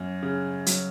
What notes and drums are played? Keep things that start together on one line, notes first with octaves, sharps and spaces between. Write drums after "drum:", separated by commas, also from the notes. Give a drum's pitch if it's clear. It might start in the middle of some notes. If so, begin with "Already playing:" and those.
Already playing: F#2 A#3
C#3
F#3, drum: hi-hat